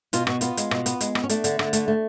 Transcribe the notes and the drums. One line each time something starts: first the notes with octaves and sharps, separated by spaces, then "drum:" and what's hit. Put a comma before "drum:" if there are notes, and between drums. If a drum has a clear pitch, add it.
B2 F4, drum: hi-hat
B2 F#4, drum: rim click
B3 F4, drum: hi-hat
G#3, drum: hi-hat
B2, drum: rim click
B3, drum: hi-hat
G#3, drum: hi-hat
B3, drum: rim click
C#4
A3 D4, drum: hi-hat
D3, drum: hi-hat
D3, drum: rim click
A3, drum: hi-hat
A3